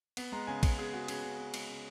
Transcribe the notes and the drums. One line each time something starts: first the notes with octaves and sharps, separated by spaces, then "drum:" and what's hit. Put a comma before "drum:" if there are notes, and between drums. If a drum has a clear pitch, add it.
B3, drum: cymbal
G#3 A#5
C#3 G#5
C#3, drum: kick A#1, cymbal
B3 G#4
G#3 F#4
C#3 G#4, drum: cymbal
C#3
B3
G#3, drum: cymbal
C#3